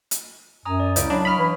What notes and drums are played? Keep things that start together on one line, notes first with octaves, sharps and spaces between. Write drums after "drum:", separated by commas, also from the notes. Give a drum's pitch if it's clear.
drum: hi-hat
F#2 G#5 A#5 D#6
D5
C#2 C#4 E4 D7, drum: hi-hat
F#3 D4 D#5 F5 B5
B5 C#6 D#6 F6 B6
E3 D4 C#5